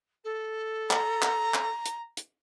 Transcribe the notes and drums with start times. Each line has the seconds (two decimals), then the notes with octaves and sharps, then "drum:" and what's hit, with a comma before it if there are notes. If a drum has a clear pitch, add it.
0.24 A4
0.91 A#5, drum: clap
1.22 drum: clap
1.54 drum: clap
1.86 drum: hi-hat
2.17 drum: hi-hat